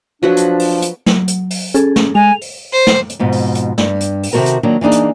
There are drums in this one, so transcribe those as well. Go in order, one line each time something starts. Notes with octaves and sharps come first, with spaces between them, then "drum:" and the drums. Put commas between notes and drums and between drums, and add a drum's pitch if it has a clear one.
F3 F#3 D4 F#4 B4
drum: hi-hat
drum: open hi-hat
drum: hi-hat
F#3, drum: snare
drum: hi-hat
drum: open hi-hat
C#4 G#4 A4, drum: hi-hat
drum: snare
G#3 G#5 F7
drum: open hi-hat
C5
drum: snare
drum: hi-hat
F2 G#2 B2
drum: open hi-hat
drum: hi-hat
G2, drum: snare
drum: hi-hat
drum: open hi-hat
C3 D#3 B3 F#4 A4 A#4
drum: hi-hat
D#3 F#3 A#3 D4
E3 A#3 D4 D#4 G#4
drum: hi-hat